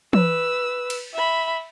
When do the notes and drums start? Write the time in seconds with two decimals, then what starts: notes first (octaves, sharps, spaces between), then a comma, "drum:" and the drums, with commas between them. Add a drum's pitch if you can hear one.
0.13 B4 E6, drum: tom E3
0.90 drum: cymbal
1.14 E5 B5